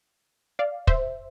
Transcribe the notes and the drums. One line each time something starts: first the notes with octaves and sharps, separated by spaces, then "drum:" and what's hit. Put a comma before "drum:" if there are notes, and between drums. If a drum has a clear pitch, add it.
D5 F5
C5 E5, drum: kick